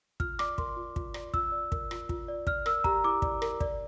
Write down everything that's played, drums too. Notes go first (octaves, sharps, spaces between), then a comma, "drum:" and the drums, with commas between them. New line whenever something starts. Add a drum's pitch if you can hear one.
F4 F6, drum: kick
D5 D6, drum: rim click
A#4 C6, drum: kick
F4
F4, drum: kick
D5, drum: rim click
F4 E6, drum: kick
D5
A#4, drum: kick
F4, drum: rim click
F4, drum: kick
D5
D5 F6, drum: kick
A#4 E6, drum: rim click
G4 A#5, drum: kick
E4 D6
D5, drum: kick
A#4, drum: rim click
D5, drum: kick